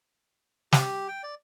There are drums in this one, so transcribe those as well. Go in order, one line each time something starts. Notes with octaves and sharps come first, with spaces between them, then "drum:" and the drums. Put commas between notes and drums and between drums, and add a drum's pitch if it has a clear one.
G4, drum: snare
G5
D5